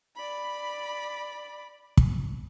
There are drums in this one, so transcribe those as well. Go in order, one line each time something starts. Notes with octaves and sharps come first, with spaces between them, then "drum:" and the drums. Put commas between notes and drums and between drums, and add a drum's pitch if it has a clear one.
D5 B5
drum: kick